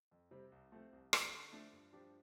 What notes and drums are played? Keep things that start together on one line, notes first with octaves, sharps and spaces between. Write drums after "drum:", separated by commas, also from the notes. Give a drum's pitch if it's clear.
F2
C3 G3 C4
C2
F3 A3 C4
C2
D3 G3 C4, drum: rim click
D3
F3 A3 D4
G2
F3 D4 G4